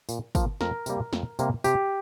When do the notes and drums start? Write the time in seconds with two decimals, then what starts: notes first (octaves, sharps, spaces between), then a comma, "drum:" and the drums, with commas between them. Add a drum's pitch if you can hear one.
0.09 A#2, drum: tambourine
0.35 F3 A#3, drum: kick, tambourine
0.61 F2 A#4, drum: snare
0.86 C3 G3 A#3, drum: tambourine
1.13 F2, drum: snare
1.39 C3 G3 A#3, drum: tambourine
1.64 C3 G4, drum: tambourine